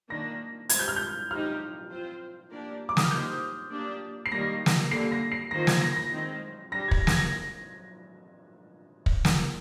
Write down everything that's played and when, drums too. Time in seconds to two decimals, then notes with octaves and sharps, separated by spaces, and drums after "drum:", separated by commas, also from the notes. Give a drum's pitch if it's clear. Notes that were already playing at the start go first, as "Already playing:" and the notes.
0.10 D#3 A#3 D4 A#6
0.69 G#3 C4 G4 G#6, drum: hi-hat
0.79 G6
0.88 F6
0.96 G6
1.30 G#3 D#4 G4 C5 F6
1.90 C4 F4 C5
2.50 A#3 D4 G4 A#4 D5
2.89 D6
2.97 D#6, drum: snare
3.03 F6
3.11 A#3 D#4 G4 C5 G6
3.71 A#3 D4 G4 D5
4.26 C7
4.31 D#3 G3 A#3 A#6
4.66 drum: snare
4.91 D3 G3 A#3 C7
5.12 A#6
5.32 C7
5.51 D#3 A#3 F4 C5 A#6
5.67 G#6, drum: snare
5.81 A#6
5.96 A#6
6.11 D#3 G#3 C4
6.72 G3 D4 G4 A#6
6.88 G#6
6.91 A#6, drum: kick
7.07 A#6, drum: snare
7.11 G#6
9.06 drum: kick
9.25 drum: snare